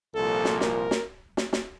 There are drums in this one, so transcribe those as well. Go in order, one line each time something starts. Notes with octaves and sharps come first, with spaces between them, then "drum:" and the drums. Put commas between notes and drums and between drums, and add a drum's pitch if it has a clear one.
C2 A#2 F3 A4
drum: snare
A#4, drum: snare
drum: snare
drum: snare
drum: snare